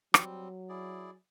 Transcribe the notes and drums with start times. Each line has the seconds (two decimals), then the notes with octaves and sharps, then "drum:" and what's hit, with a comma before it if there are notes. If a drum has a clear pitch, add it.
0.14 F#3 G3 C4, drum: rim click
0.69 E4 G#4 D5